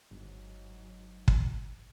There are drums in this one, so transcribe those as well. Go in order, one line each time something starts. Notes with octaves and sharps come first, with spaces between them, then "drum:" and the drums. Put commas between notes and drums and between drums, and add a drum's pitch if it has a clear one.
G1 G#2 F#3
drum: kick